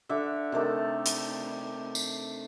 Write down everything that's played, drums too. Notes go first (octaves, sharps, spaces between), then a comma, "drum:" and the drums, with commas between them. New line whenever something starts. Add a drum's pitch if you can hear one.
D3 E5 F#5 D6
C3 D#3 A3 G4
drum: hi-hat
drum: tambourine